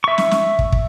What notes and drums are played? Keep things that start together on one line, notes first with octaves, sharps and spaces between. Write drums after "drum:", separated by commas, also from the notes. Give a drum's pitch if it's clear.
E5 C#6
drum: snare
drum: snare
drum: kick
drum: kick